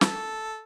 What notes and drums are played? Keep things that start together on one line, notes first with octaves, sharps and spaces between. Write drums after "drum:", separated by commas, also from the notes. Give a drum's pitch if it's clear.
A4, drum: snare